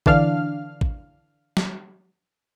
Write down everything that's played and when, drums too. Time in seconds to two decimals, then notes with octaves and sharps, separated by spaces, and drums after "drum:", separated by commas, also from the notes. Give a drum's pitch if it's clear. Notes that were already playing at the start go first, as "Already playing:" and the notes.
0.06 D3 E3 D4 F5 F6, drum: kick A1
0.81 drum: kick A1
1.57 drum: snare